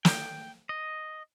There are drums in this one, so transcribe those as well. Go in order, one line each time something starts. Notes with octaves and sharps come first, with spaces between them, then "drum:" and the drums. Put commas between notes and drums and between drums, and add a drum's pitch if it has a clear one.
G5, drum: snare
D#5